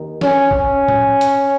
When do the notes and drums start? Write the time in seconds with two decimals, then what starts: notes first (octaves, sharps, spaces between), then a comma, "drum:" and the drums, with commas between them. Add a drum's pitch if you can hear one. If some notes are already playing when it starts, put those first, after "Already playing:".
Already playing: D#2 D#3
0.21 C#4, drum: snare
0.51 C#4, drum: kick A#1
0.88 drum: tom A2
1.21 drum: hi-hat